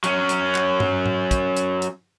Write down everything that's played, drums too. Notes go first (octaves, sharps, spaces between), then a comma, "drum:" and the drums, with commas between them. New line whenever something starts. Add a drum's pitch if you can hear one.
F#3 C#4, drum: hi-hat
drum: hi-hat
drum: clap
drum: tom G2
drum: tom G#2
drum: kick, hi-hat
drum: hi-hat
drum: hi-hat